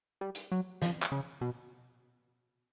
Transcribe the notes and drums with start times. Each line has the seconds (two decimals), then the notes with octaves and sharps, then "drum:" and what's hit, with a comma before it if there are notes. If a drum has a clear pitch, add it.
0.21 G3
0.35 drum: hi-hat
0.52 F#3
0.82 F3, drum: snare
1.03 drum: clap
1.12 C#3
1.41 B2